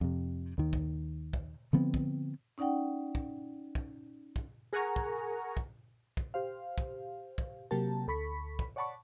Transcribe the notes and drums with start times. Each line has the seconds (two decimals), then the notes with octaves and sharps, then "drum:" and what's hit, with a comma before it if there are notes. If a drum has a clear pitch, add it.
0.01 F2 C3
0.58 D#2 D#3
0.73 drum: kick
1.33 drum: kick
1.73 D3 F3 B3 C4
1.94 drum: kick
2.58 C#4 D#4 D5 F#5 G5
3.15 drum: kick
3.75 drum: kick
4.36 drum: kick
4.73 G#4 A#4 F#5 G#5 A#5 C#6
4.96 drum: kick
5.57 drum: kick
6.17 drum: kick
6.34 G4 C5 F5
6.78 drum: kick
7.38 drum: kick
7.71 C3 F#3 A#3 G4 A#4 A5
8.07 D2 A4 B5 C#6 B6
8.59 drum: kick
8.76 C#5 D5 F#5 A5 B5 C#6